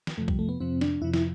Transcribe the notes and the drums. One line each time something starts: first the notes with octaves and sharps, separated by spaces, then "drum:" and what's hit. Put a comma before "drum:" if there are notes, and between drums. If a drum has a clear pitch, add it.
drum: snare
F2 C3 F3 A3
G3, drum: kick
A3
B3
F2 C3 F3 C4
D4, drum: snare
F2 C3 F3 E4
E4, drum: snare